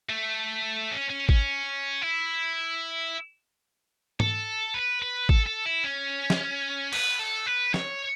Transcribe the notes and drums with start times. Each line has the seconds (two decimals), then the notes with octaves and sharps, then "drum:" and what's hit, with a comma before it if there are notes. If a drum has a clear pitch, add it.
0.10 A3
0.92 C#4
1.10 C#4
1.29 C#4, drum: kick G#1
2.02 E4
4.20 A4, drum: tom G#2
4.74 B4
5.02 B4
5.29 A4, drum: kick G#1
5.47 A4
5.66 E4
5.84 C#4
6.30 drum: snare
6.93 B4, drum: cymbal
7.19 A4
7.47 B4
7.74 C#5, drum: snare